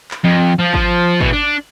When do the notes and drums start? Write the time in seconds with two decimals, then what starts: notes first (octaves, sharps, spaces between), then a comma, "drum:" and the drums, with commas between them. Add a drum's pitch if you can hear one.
0.11 drum: clap
0.24 F2
0.59 F3
0.74 F3, drum: kick G#1
1.21 B2 E3, drum: kick G#1
1.33 D4